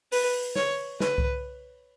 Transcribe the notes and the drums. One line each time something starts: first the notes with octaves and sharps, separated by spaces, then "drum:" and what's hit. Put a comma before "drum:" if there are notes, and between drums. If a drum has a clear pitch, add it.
B4, drum: open hi-hat
C#5, drum: snare
B4, drum: snare
drum: kick C2